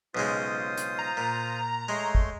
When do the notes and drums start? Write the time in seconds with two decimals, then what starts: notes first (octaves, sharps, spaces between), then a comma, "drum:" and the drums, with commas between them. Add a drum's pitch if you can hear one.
0.15 B1 C#3 G#3 F4 C5 D#6
0.77 drum: hi-hat
0.99 A#5
1.17 A#2
1.89 G#3 A3 C#5 C6
2.15 drum: kick G#1